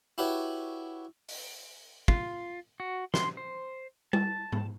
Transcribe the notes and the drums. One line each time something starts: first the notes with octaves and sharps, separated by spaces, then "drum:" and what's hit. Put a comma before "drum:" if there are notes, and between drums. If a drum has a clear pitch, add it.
E4 F#4 G4 B4 C#5 E5
drum: open hi-hat
F4, drum: kick
F#4
C6, drum: snare
C5
A5, drum: tom G3
drum: tom G#2